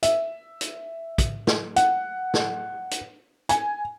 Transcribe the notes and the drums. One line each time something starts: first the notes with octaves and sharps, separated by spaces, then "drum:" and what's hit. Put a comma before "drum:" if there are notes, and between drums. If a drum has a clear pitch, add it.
E5, drum: hi-hat
drum: hi-hat
drum: kick, hi-hat
drum: snare
F#5, drum: hi-hat
drum: snare
drum: hi-hat
G#5, drum: hi-hat